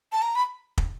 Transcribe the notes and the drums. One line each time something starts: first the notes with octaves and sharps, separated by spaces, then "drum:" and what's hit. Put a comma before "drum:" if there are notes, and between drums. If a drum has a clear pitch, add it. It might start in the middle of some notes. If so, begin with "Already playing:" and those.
A5
A#5
B5
drum: kick